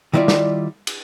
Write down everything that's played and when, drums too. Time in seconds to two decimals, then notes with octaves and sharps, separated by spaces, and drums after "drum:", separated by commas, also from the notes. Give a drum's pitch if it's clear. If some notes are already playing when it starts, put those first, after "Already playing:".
0.13 D#3 G3 E4 F4 D5
0.28 drum: snare
0.87 drum: cymbal